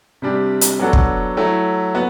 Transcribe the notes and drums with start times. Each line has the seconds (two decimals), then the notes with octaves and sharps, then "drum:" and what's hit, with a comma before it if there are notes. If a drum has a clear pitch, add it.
0.22 C3 G3 D4 G4
0.61 drum: hi-hat
0.79 F#3 B3 D4 F#4 A4
0.93 drum: kick
1.37 F#3 A3 E4
1.95 B3 F#4